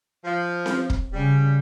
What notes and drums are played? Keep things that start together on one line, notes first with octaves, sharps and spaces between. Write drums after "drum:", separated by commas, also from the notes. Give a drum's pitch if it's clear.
F3
drum: snare C4
drum: kick
C#3 G3